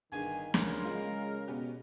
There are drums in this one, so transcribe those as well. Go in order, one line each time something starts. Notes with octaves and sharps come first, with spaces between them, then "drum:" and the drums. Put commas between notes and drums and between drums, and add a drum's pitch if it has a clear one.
G1 D#3 G#4 G#5
D2 C#3 A#4 B5 C6, drum: snare
G#3 F4 F5
B2 B3 C#4 G4